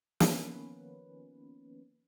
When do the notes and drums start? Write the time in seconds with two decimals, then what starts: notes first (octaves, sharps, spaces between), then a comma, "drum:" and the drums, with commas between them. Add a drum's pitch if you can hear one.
0.20 D#3 F3 A#3 B3 C#4 B4, drum: snare